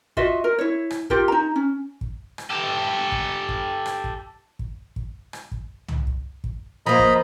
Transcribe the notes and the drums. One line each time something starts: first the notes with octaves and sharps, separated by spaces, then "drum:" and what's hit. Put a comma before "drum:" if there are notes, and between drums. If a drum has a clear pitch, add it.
F4 F#4 D#5 E5, drum: kick
A#4
E4 C#5
drum: rim click
F4 G4 A#4, drum: kick
D#4 A#5
C#4
drum: kick
drum: rim click
G4 A4
drum: kick
drum: kick
drum: rim click
drum: kick
drum: kick
drum: kick
drum: rim click
drum: kick
drum: tom
drum: kick
drum: kick
F3 A#3 D#5 A#5 B5
drum: kick